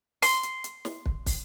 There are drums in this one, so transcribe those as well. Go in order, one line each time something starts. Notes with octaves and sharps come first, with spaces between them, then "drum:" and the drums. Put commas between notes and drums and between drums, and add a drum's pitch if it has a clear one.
C6, drum: open hi-hat
drum: hi-hat
drum: hi-hat
drum: snare
drum: kick
drum: kick, open hi-hat